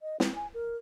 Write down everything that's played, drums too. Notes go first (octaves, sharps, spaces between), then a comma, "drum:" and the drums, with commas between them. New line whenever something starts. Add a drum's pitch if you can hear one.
D#5
C4, drum: snare
G#5
A#4